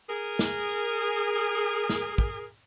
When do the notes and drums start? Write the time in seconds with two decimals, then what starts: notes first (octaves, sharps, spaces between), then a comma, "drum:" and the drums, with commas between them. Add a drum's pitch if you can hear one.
0.10 G#4 A#4
0.39 drum: snare
1.89 drum: snare
2.18 drum: kick